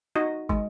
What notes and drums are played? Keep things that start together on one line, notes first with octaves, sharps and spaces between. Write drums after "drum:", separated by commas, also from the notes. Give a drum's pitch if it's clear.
D#4 F#4 D#5
G#3, drum: kick